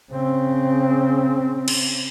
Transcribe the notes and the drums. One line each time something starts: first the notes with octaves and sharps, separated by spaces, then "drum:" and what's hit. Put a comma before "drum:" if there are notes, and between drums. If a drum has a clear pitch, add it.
C#3 C4
drum: cymbal